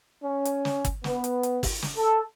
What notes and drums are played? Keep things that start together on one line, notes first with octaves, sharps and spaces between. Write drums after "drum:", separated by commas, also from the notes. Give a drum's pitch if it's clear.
C#4
drum: hi-hat
drum: snare
drum: kick, hi-hat
B3, drum: snare
drum: hi-hat
drum: hi-hat
drum: kick, open hi-hat
drum: snare
A4